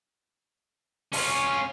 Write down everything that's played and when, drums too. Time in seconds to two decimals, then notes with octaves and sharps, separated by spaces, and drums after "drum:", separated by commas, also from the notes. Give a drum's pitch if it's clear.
1.13 C#4 F4, drum: open hi-hat